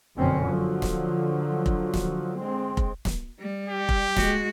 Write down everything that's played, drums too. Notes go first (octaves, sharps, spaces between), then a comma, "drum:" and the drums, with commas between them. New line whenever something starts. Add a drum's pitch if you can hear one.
F#1 F2 B2 D3 C4 C#4
D3 F3 F#3
drum: snare
drum: kick F1
drum: snare
G#3 C4
drum: kick F1
drum: snare
G3
G4
drum: kick F1
G#3 F#4, drum: snare